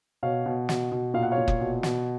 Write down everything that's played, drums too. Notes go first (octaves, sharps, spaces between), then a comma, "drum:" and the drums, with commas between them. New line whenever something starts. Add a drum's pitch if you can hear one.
B2 C#5 F5
B2
B2, drum: snare
B2
A#2 F5
F#5
C#5 F5
A#2
drum: kick
B2
B2, drum: snare